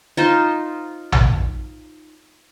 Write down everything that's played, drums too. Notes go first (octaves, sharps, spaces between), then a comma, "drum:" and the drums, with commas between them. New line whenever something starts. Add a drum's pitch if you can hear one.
D#4 F4 C5
drum: tom